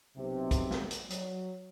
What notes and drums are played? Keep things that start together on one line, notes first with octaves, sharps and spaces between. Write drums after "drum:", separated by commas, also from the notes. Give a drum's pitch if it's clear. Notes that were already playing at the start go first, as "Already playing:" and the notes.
B1 C3
drum: kick, hi-hat
drum: snare
drum: hi-hat
F#3, drum: hi-hat